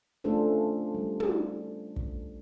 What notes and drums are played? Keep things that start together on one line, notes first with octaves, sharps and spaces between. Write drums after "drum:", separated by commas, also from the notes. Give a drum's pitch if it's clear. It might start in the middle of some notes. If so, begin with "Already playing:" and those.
A3 C#4 D4 F4 A4 C5
G3
drum: tom
drum: kick